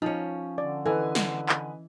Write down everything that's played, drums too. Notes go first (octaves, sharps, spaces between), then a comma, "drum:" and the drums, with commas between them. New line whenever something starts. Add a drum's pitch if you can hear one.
F3 C#4 D#4
D3 D5
E3 A4 B4 D#5 G#5
drum: snare
drum: clap